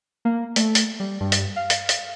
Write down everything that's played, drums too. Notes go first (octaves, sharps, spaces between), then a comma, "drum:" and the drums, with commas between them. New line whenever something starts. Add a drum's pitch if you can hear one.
A#3
A3, drum: hi-hat
drum: hi-hat
G3
G2
drum: hi-hat
F5
drum: hi-hat
drum: hi-hat